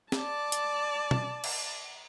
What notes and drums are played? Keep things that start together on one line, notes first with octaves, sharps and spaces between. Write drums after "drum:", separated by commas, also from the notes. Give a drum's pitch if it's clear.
D5 A5, drum: snare
drum: hi-hat
drum: tom
drum: cymbal